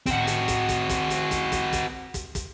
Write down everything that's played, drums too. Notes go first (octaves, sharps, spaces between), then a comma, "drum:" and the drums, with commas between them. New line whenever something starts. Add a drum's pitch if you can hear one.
C4 F#4, drum: kick, hi-hat
drum: hi-hat
drum: kick, hi-hat
drum: kick, hi-hat
drum: kick, hi-hat
drum: hi-hat
drum: kick, hi-hat
drum: kick, hi-hat
drum: kick, hi-hat
drum: kick, hi-hat
drum: kick, hi-hat